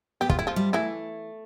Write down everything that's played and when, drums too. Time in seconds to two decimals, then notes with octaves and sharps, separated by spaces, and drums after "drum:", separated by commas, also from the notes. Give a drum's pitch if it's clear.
0.21 B3 G4
0.30 F4, drum: kick
0.39 A3 E4
0.47 F3 F4
0.56 G3
0.73 E3 A3 E4